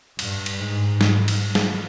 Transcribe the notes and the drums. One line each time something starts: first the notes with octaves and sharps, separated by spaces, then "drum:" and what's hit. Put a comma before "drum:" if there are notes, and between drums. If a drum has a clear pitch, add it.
G2, drum: cymbal
drum: cymbal
G#2
drum: snare
drum: cymbal
drum: snare